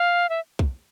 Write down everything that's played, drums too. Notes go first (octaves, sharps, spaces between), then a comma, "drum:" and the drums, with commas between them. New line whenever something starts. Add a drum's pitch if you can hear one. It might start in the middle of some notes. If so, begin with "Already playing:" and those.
Already playing: F5
E5
drum: kick